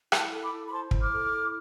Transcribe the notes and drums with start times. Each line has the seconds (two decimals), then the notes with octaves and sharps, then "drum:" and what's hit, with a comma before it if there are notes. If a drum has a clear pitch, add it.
0.12 E4 A5 C6, drum: rim click
0.32 A4
0.42 B5 D6
0.52 E4
0.67 B5
0.71 C5 A5 C6
0.91 E4, drum: kick
1.01 D6 F6
1.11 A4
1.31 E4